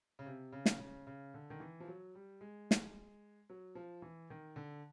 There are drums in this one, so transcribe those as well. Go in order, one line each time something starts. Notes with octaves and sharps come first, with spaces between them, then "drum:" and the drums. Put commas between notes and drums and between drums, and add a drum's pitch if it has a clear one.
C#3
C3
C#3
drum: snare
C#3
C#3
D3
D#3
E3
F3
F#3
G3
G#3
drum: snare
F#3
F3
E3
D#3
D3